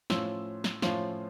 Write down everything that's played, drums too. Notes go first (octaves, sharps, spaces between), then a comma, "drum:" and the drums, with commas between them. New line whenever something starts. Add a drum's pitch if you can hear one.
A2 F3 C#4 F4 E6, drum: snare
drum: snare
A2 F3 C#4 F4, drum: snare